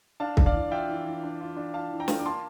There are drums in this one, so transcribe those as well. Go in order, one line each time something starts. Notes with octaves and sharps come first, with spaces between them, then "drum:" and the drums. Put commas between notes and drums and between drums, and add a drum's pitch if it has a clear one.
D4 F5 A5
D4, drum: kick C2
D5 F5
E3
F4 E5 G5
E3
E3
D4
F4
D4
F4 F5 A5
E3
G5 A#5
F4, drum: snare
D6
A#3 A5 C6